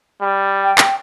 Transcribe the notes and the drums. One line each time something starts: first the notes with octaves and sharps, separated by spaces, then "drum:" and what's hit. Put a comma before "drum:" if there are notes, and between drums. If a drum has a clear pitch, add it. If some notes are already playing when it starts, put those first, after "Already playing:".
G3
G5
drum: clap